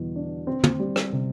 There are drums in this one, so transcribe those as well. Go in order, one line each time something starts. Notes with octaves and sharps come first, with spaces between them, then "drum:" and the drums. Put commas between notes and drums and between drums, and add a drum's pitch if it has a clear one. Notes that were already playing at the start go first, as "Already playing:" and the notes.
Already playing: E2 B2 G3
D4
C4
drum: tom
G3
drum: rim click
C3